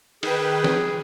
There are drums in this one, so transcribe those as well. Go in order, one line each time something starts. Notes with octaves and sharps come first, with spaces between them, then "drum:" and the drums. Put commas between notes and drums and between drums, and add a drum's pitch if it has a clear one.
D#3 G#4 B4 G5, drum: cymbal
drum: snare